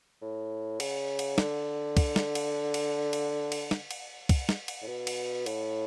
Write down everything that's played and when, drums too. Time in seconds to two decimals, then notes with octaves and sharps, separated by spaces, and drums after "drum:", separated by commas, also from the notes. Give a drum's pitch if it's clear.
0.22 A2
0.80 C#3, drum: cymbal
1.19 drum: cymbal
1.38 D3, drum: snare
1.97 drum: kick, cymbal
2.16 drum: snare
2.35 drum: cymbal
2.74 drum: cymbal
3.13 drum: cymbal
3.52 drum: cymbal
3.71 drum: snare
3.91 drum: cymbal
4.29 drum: kick, cymbal
4.49 drum: snare
4.68 drum: cymbal
4.82 A2
4.87 B2
5.07 drum: cymbal
5.46 A2, drum: cymbal